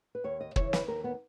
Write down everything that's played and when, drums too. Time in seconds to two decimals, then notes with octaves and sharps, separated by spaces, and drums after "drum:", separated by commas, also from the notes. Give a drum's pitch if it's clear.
0.15 B4
0.24 D#2 C#5
0.41 D#5
0.56 C#3 E3 C#5, drum: kick
0.73 B4, drum: snare
0.88 D#2 A#4
1.04 B3